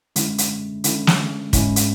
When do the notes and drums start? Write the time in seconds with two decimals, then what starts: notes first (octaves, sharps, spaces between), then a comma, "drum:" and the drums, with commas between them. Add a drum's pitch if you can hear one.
0.16 D3 G#3 C#4 E4, drum: hi-hat
0.38 drum: hi-hat
0.84 D3 G#3 C#4 E4, drum: hi-hat
1.07 drum: snare
1.53 G#2 G#3 C#4 E4, drum: kick, hi-hat
1.76 drum: hi-hat